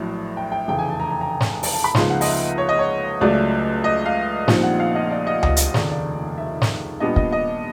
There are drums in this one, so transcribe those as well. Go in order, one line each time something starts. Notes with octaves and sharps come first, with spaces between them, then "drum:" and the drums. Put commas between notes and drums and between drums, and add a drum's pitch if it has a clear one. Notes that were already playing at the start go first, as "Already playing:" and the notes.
Already playing: A#1 A2 F#3
G5
G5
F1 E2 C#3 G5
G#5
A5
A#5
A#5
A#5
drum: snare
A5, drum: open hi-hat
A5
B5
C#2 C#3 F3 A#3 D#4 C6, drum: snare
F#5
D#5, drum: open hi-hat
E5
C#5
D#5
C#5
C#2 C#3 F#3 A3 D5
D#5
F5
A#1 A#2 G3 C4 D#4, drum: snare
F#5
F5
D#5
D5
D#5
D#5, drum: tom C#2
drum: hi-hat
F1 D#2 C#3 D5, drum: snare
D5
E5
drum: snare
A#2 G3 B3 D4 D#5
D#5, drum: kick
D#5